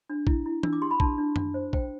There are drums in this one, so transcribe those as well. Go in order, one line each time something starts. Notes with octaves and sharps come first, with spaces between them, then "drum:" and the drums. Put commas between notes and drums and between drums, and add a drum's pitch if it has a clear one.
D4
E4, drum: kick
E4
D4 E6, drum: tom E3
D6
G4 C6
B5
D4 A5, drum: kick
D4
D4, drum: tom F#2
C5
C5 G5, drum: kick